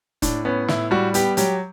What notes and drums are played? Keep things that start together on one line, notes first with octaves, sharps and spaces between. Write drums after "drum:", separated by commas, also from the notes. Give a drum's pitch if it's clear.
A2 D4, drum: kick E1, hi-hat
B3 C#4
A2 E4, drum: snare
G3 F#4
B3 G4, drum: hi-hat
F#3 G4, drum: hi-hat